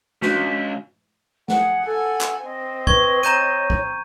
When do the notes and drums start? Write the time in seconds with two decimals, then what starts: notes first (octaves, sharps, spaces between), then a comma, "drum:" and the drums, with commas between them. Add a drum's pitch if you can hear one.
0.22 C#2 D4 F#4 B6, drum: snare
1.48 G#4 F#5, drum: snare
1.86 A4 F#5 G#5
2.21 drum: clap
2.44 C4 D#5
2.87 B4 C#6 G#6, drum: kick B1
3.23 C#5 A#5 G6 D#7, drum: hi-hat
3.70 drum: kick B1